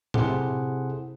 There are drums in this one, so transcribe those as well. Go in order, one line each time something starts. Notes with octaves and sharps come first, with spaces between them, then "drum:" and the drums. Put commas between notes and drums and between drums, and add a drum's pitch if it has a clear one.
C3 E4 G#4 A4 C5 F#5, drum: tom A2